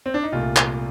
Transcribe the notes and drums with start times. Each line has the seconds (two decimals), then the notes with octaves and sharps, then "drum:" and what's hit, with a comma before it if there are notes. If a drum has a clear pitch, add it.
0.06 C4
0.14 D4
0.23 D#4
0.32 C2 A#2 A3 F4
0.56 drum: clap